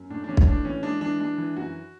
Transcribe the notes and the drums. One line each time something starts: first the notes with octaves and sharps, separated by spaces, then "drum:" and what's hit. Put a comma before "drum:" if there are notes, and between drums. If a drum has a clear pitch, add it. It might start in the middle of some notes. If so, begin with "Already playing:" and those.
Already playing: F#2
A2 D4
D4
E3 C#4
drum: kick
A2 D4
E3 C#4
G#3 D4
E3 D4
G#3 D4
E3
F#2 F#4